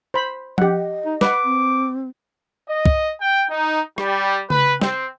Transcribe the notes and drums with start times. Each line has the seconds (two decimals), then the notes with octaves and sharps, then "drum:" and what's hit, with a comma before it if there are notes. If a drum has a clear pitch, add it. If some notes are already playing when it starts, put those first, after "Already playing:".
0.14 C5 B5
0.58 G4 D#5 F#5, drum: tom F3
1.06 D#4
1.21 B4 F#5 D6, drum: snare
1.44 C4
2.68 D#5
2.86 drum: kick
3.21 G5
3.49 D#4
3.98 G3, drum: rim click
4.50 B4, drum: tom C#3
4.81 C4, drum: snare